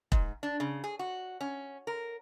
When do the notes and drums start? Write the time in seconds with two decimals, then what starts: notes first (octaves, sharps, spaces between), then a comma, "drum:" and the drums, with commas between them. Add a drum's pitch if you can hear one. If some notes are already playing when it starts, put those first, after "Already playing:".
0.12 G#2, drum: kick E1
0.43 D4
0.60 C#3
0.84 G#4
0.99 F#4
1.41 C#4
1.87 A#4